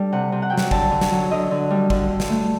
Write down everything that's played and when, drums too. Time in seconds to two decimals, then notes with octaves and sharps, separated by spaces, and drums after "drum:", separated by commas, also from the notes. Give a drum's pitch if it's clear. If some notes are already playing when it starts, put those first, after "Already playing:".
Already playing: G3 D4 A4
0.12 C3 F#5
0.32 C3
0.42 F#5
0.50 F#3 G5
0.58 F#5, drum: snare
0.71 D3 A5, drum: kick
0.91 D3
1.01 drum: snare
1.11 F#3
1.31 D3 D#5
1.51 D3
1.71 G3
1.90 D3, drum: kick
2.10 D3
2.20 drum: snare
2.30 A3